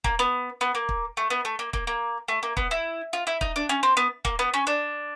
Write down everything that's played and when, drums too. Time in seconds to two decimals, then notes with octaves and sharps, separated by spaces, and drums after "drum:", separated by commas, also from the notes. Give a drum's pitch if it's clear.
0.04 A#3, drum: kick
0.19 B3
0.61 B3
0.75 A#3
0.89 drum: kick
1.17 A3
1.30 B3
1.45 A3
1.59 A#3
1.73 A#3, drum: kick
1.87 A#3
2.28 A3
2.43 A#3
2.57 B3, drum: kick
2.71 E4
3.13 F4
3.27 E4
3.41 D#4, drum: kick
3.56 D4
3.69 C#4
3.83 C4
3.97 B3
4.25 A#3, drum: kick
4.39 B3
4.54 C#4
4.67 D4